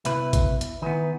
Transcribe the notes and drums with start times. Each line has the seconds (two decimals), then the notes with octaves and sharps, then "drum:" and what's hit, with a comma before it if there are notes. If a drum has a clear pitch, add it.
0.05 C2 B2 E4 B4, drum: hi-hat
0.33 drum: kick A1, hi-hat
0.61 drum: hi-hat
0.82 D#3 E3 B3